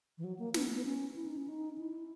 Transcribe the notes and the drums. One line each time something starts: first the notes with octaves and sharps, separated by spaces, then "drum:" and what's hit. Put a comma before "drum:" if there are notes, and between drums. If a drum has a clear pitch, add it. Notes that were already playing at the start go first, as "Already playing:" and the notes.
E3
F#3
A#3
B3, drum: snare
B3
C#4
E4
D#4
C#4
D#4
E4